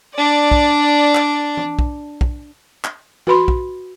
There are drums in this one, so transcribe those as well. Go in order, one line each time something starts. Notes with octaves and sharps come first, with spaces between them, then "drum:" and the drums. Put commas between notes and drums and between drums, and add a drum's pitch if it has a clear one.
D4 D5
drum: kick
drum: clap
drum: tom E3
drum: kick
drum: kick
drum: clap
F#4 B4 B5 C6, drum: tom E3
drum: kick